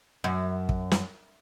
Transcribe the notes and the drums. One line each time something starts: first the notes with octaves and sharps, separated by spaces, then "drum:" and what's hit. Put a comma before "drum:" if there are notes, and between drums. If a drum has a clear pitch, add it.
F#2
drum: kick
drum: snare